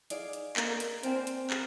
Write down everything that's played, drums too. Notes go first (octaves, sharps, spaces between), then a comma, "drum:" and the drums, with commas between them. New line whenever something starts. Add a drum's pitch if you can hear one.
D#4 G#4 D5 F5, drum: hi-hat
drum: hi-hat
A#3 D4 G#4 D#5 A#5, drum: clap
drum: hi-hat
C4 A#4 D5 G#5, drum: hi-hat
drum: hi-hat
A#4, drum: clap